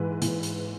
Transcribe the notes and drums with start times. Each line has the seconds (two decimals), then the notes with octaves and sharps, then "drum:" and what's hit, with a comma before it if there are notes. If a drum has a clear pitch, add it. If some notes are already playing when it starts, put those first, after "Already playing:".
Already playing: G#2 E3 B4
0.22 E3, drum: hi-hat
0.43 drum: hi-hat